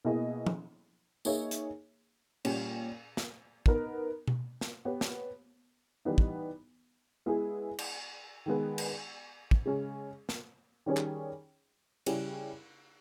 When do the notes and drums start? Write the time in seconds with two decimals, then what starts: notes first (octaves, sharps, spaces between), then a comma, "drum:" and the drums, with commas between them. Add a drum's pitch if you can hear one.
0.05 B2 A#3 E4 G#4 D#5
0.47 drum: tom F3
1.25 A#3 D#4 G#4 C#5 E5, drum: tambourine
1.51 drum: hi-hat
2.45 A#2 G3 C#4, drum: cymbal
3.17 drum: snare
3.66 B3 D#4 A#4, drum: kick
4.28 drum: tom B2
4.61 drum: snare
4.85 B3 G4 C#5
5.01 drum: snare
6.05 E3 G3 B3 D#4
6.18 drum: kick
7.26 G#3 B3 E4 G#4
7.78 drum: cymbal
8.46 D#3 G#3 B3
8.78 drum: cymbal
9.51 drum: kick
9.66 C#3 G#3 C#4
10.29 drum: snare
10.86 D#3 G3 C#4 G#4 C#5
10.97 drum: clap
12.06 C#3 G3 C#4 E4, drum: cymbal